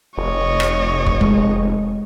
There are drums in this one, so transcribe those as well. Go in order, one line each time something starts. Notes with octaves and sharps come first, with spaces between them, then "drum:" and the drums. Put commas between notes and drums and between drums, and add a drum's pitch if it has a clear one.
F1 C#5 D#5
drum: rim click
drum: kick
G#3, drum: kick